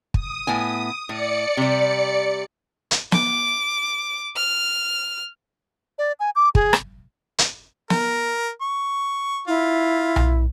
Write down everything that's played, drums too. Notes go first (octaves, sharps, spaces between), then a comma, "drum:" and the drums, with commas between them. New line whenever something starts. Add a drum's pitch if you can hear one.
D#6, drum: kick
A2 B3 G#5
A2 D5 C#7
C3 G3
drum: hi-hat
D6, drum: snare
F6
D5
G#5
D6
G#4, drum: kick
drum: rim click
drum: hi-hat
A#4, drum: snare
C#6
E4 F4
drum: tom B1